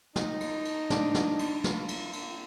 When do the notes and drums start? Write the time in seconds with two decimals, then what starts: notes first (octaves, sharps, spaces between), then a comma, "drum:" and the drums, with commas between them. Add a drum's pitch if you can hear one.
0.16 D#4, drum: snare
0.40 drum: cymbal
0.65 drum: cymbal
0.90 D4, drum: snare
1.14 drum: snare
1.39 drum: cymbal
1.64 F4, drum: snare
1.88 drum: cymbal
2.13 drum: cymbal